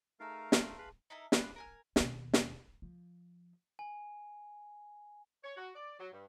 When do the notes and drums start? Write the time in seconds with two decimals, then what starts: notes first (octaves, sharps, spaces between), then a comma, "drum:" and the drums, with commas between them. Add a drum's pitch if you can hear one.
0.20 A3 D#4 G#4 A#4 F5 A#5
0.34 A5
0.52 E5 A5 C6, drum: snare
0.78 G#4 B4 F5 B5
1.10 D#4 E4 A4 A#4
1.32 D4 F4 B4, drum: snare
1.56 A#4 G#5 F6
1.96 D#2 B2, drum: snare
2.33 drum: snare
2.82 F3
3.79 G#5
5.43 C#5
5.56 F#4
5.75 D5
5.99 F#3
6.12 G2